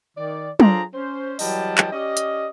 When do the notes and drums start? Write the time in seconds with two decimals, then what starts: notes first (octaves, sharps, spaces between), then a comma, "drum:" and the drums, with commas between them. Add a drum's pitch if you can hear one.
0.18 D#3 D5
0.60 D4 F4 G#4 A4 C5 A#5, drum: tom
0.94 C#4 C5
1.39 E3 F#3 G3 D#5 G5 A5, drum: open hi-hat
1.78 drum: clap
1.91 C#4 G4 D5 D#5
2.17 drum: hi-hat